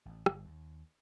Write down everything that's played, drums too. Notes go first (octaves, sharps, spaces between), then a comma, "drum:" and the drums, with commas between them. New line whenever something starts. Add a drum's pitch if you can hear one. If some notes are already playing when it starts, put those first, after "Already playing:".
A1
G1, drum: rim click
D#2